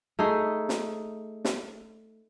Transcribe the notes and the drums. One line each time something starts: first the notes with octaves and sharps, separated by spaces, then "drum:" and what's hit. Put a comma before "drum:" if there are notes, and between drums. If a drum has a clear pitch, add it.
A3 D#4 G#4
drum: snare
drum: snare